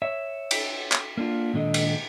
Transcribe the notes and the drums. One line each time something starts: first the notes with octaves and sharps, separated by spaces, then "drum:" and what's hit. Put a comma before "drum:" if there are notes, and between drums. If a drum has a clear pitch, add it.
C#5 E5
drum: cymbal
drum: clap
A#3 D4 F4
A#2 D#3 G#3 D4 A4 D#5
drum: cymbal